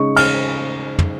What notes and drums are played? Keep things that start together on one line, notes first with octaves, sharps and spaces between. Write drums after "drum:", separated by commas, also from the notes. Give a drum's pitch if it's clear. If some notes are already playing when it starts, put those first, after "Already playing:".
Already playing: C#3 G#3 D#4 C#6
F6, drum: cymbal
drum: tom